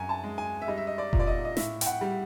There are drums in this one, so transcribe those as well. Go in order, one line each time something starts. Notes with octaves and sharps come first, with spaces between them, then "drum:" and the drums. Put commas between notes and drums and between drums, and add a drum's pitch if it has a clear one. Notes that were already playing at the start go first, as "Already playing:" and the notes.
Already playing: F#2 G#5
A5
G#3
G#5
E5
G3 D#5
E5
D#5
D5
A#2, drum: kick F1
D5
D#5
D#5
A2 E5, drum: snare
G5, drum: hi-hat
F#5
G3